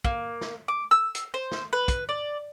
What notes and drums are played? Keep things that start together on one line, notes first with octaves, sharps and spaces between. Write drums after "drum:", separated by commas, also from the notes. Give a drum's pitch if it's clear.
A#3, drum: kick
drum: snare
D6
E6
drum: hi-hat
C5
drum: snare
B4
drum: kick, hi-hat
D5